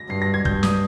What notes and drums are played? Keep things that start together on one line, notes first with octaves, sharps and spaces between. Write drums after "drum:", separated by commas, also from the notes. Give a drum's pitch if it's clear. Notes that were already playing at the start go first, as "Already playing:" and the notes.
Already playing: A#6
G2 C7
A#6
G#6
G2 G6, drum: kick
D#6, drum: snare